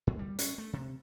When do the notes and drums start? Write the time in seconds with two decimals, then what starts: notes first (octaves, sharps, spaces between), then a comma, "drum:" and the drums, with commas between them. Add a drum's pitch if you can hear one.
0.07 G#2
0.19 G3
0.39 C#4, drum: hi-hat
0.58 A3
0.73 C3